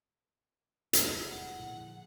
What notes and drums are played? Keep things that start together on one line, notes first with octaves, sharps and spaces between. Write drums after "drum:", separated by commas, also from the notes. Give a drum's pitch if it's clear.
E1 C3 G3 E4 G#4, drum: hi-hat
F#5
A#2 D3 F3